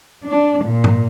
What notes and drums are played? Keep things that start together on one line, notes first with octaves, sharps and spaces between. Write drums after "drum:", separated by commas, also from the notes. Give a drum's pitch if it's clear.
D4
A#2
drum: tom G#2